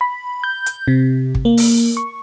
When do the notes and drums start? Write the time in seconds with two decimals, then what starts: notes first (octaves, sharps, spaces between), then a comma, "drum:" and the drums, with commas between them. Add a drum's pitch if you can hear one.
0.01 B5
0.44 G6
0.66 drum: hi-hat
0.88 C3
1.35 drum: kick
1.45 A#3
1.57 drum: open hi-hat
1.97 C#6